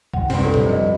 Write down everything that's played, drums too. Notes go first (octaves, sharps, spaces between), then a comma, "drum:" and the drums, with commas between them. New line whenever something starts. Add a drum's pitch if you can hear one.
F#2 F#5, drum: kick
G2 C3, drum: open hi-hat
F4 A4 C#5
drum: tom A#2
F3 D#5